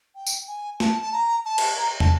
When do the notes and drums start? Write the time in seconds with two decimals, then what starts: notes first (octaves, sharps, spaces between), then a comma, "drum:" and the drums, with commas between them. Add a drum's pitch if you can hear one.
0.15 G5
0.27 drum: tambourine
0.48 G#5
0.80 A5, drum: snare
1.01 A5
1.13 A#5
1.45 A5
1.58 drum: cymbal
1.78 A#5
2.00 A5, drum: tom